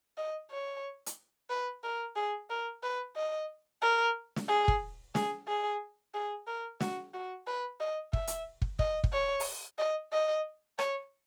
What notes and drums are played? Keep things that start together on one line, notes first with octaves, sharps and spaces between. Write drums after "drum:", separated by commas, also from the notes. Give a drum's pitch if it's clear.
D#5
C#5
drum: hi-hat
B4
A#4
G#4
A#4
B4
D#5
A#4
drum: snare
G#4
drum: kick
G#4, drum: snare
G#4
G#4
A#4
F#4, drum: snare
F#4
B4
D#5
E5, drum: kick
drum: hi-hat
drum: kick
D#5, drum: kick
drum: kick
C#5
drum: open hi-hat
D#5
D#5
C#5, drum: rim click